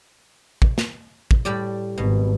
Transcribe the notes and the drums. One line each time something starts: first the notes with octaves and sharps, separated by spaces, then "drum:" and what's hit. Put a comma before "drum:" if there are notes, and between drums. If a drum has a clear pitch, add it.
drum: kick
drum: snare
drum: kick
A2 G3 D5
G#1 B2